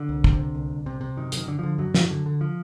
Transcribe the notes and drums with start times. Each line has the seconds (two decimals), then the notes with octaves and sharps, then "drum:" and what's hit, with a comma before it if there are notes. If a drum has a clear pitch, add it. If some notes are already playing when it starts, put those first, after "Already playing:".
Already playing: D3
0.09 C2
0.24 C3, drum: kick
0.39 C3
0.55 C2
0.71 C2
0.86 C3
1.01 C3
1.17 F#2 D#3
1.32 F#2, drum: hi-hat
1.37 D#3
1.48 D3
1.59 D3 F3
1.78 F#2 F#3
1.94 F#2, drum: snare
2.10 D3
2.26 D3
2.41 F3